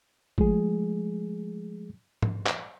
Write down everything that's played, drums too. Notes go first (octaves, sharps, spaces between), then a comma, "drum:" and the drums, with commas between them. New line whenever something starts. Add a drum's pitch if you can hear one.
F3 G#3 A3 G#4, drum: kick G#1
drum: tom G#2
drum: clap